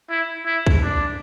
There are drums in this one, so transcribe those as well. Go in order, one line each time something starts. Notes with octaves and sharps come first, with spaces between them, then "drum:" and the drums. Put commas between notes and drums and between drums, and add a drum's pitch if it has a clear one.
E4
E4
drum: kick
D4